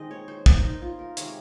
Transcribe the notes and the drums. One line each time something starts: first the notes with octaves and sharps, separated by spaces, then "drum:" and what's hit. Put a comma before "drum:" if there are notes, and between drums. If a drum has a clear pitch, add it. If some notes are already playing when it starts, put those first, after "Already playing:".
Already playing: D#3 G#3 C4 D#4 D#5
C#5
C5
A#4, drum: kick
D#4
F4
A#4
C3 D#3 G#3 C4 C#5, drum: hi-hat